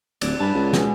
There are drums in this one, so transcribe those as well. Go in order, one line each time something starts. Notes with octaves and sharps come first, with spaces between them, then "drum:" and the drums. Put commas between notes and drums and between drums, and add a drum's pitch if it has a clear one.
D1 D5, drum: cymbal
G2 A5 B5
C#2
B2 G#3, drum: snare